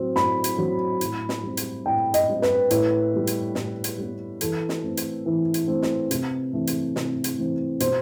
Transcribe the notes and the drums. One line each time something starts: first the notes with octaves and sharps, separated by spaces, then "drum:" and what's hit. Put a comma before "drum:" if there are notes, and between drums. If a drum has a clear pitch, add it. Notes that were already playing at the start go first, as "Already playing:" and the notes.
Already playing: A2 F#3 C4
A2 B5, drum: snare
drum: hi-hat
F#3 C4
A2, drum: hi-hat
drum: snare
G3 C4
drum: hi-hat
A2 G5
D#5, drum: hi-hat
G3 C4
B4, drum: snare
A2, drum: hi-hat
G3 B3
drum: hi-hat
A2, drum: snare
drum: hi-hat
G3 B3
E3 A4, drum: hi-hat
drum: snare
A3 C4
drum: hi-hat
E3
drum: hi-hat
A3 C4
drum: snare
C3, drum: hi-hat
E3 A3 C4
drum: hi-hat
C3, drum: snare
drum: hi-hat
E3 A3 C4
B2 C5, drum: hi-hat